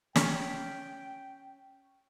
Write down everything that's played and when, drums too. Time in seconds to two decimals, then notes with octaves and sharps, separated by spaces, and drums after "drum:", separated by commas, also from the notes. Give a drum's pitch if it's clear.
0.15 C#4 G5 C#6 F6 B6, drum: snare